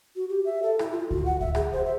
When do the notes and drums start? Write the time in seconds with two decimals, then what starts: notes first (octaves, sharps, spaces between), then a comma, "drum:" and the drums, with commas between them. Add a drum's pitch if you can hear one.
0.16 F#4
0.30 G4
0.45 E5
0.63 A4
0.79 E4, drum: rim click
0.92 F4
1.11 F#4, drum: kick C#2
1.25 F#5
1.41 E5, drum: kick C#2
1.55 G#4, drum: rim click
1.72 C5
1.85 E5